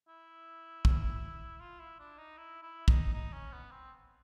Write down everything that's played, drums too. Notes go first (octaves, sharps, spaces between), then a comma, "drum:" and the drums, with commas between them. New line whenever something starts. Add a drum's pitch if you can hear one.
E4
drum: kick
F4
E4
D4
D#4
E4
E4
D#4, drum: kick
D#4
C#4
B3
C4